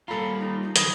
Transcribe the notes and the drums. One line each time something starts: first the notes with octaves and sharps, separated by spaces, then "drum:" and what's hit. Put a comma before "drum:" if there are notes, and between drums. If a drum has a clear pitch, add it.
G3 A#3 F4 A4 A#5 B5
D#4
D#4
D3 E3 F#3 B5 D#6 G#6 A#6, drum: hi-hat